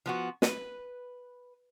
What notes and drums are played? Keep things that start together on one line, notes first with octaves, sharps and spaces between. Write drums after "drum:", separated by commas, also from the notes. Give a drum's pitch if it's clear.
F3 B3 F#4
B4, drum: snare